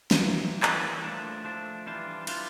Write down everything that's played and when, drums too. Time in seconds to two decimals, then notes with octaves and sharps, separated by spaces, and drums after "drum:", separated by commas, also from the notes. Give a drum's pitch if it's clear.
0.11 drum: snare
0.20 E3 G3 A#3
0.63 E3 G3 A#3, drum: clap
1.04 F3 A3 D4
1.44 F3 A3 D4
1.86 E3 G3 D4 F4
2.27 E3 G3 D4 F4, drum: cymbal